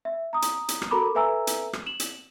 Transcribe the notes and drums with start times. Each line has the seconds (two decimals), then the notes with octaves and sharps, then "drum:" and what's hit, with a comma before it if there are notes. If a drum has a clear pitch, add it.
0.05 E5
0.33 A#5 D#6
0.42 drum: hi-hat
0.69 drum: hi-hat
0.82 drum: rim click
0.91 F#4 A4 A#4 A#5 B5 D6
1.15 A4 B4 E5 G#5 A#5 E6
1.47 drum: hi-hat
1.73 drum: rim click
1.86 E7 F#7
2.00 drum: hi-hat